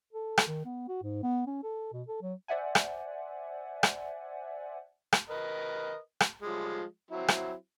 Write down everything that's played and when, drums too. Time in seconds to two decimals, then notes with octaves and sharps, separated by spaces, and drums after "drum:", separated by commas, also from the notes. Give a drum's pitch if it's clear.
0.13 A4
0.37 drum: rim click
0.47 D#3
0.65 B3
0.88 F#4
1.03 G#2
1.23 B3
1.47 C#4
1.63 A4
1.93 B2
2.08 A4
2.22 F#3
2.48 C5 D5 E5 F#5 G#5
2.75 drum: rim click
3.83 drum: rim click
5.12 drum: rim click
5.30 A#4 B4 D#5
6.20 drum: rim click
6.42 F3 G3 G#3
7.11 F#3 C4 E4
7.28 drum: rim click